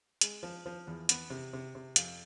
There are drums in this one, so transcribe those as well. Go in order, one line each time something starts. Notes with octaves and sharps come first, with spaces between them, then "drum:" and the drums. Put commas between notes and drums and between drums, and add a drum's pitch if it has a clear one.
G#3, drum: hi-hat
F3
F3
E2
B3, drum: hi-hat
C3
C3
C3
F2, drum: hi-hat